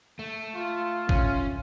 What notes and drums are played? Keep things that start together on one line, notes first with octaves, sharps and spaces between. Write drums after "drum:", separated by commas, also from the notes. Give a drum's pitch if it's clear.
A3
F4
C#4, drum: kick